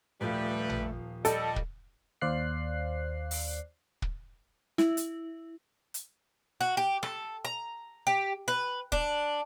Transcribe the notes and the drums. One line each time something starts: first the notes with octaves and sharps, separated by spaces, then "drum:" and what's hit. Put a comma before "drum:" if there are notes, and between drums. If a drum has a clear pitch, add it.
D#1 F3 G3 A3 B4 F5
drum: tom A1
G3 A4 D#5, drum: hi-hat
drum: kick
D#2 C5 D5 F5 F#6 C7
drum: open hi-hat
drum: kick
E4, drum: snare
drum: hi-hat
drum: hi-hat
F#4
G4
A4, drum: rim click
A#5
G4
B4
D4, drum: kick